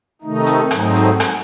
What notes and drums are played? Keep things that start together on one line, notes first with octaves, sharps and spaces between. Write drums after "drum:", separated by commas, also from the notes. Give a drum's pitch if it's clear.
C3 D#3 A3 D#4
drum: hi-hat
G#2 F#3 A3 C4 D#4, drum: rim click
drum: hi-hat
drum: rim click